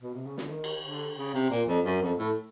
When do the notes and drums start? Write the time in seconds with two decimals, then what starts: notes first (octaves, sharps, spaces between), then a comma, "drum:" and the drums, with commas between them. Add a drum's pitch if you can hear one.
0.02 B2
0.14 C3
0.26 C#3
0.38 D3, drum: snare
0.50 D#3
0.64 drum: cymbal
0.84 D3
1.17 C#3
1.34 C3
1.50 A#2
1.68 F2
1.85 F#2
2.01 F2
2.18 A2